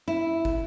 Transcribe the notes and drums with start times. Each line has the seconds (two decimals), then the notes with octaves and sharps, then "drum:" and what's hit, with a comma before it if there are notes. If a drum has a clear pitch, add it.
0.08 E4
0.45 drum: kick